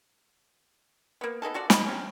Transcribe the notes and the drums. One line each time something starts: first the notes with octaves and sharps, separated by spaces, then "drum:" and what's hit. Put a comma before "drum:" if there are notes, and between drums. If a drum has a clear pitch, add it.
A#3 B3
B3 D#4 G#4 A4
F4 F#4 A4 D5
D#5 B5, drum: snare
C3 C#4